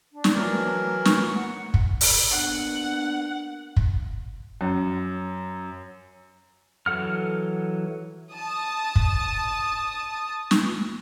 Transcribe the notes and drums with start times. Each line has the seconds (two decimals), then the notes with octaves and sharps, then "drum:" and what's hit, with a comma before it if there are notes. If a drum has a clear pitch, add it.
0.12 D4
0.24 drum: snare
0.35 E3 F#3 A#4
1.05 C#6, drum: snare
1.36 F#5
1.74 drum: kick
2.01 drum: open hi-hat
2.31 A#3 B3 D4 F#5
3.76 drum: kick
4.61 F#2
6.86 E3 F#3 A4 F#5 F6
8.32 A5 D#6
8.95 drum: kick
10.51 drum: snare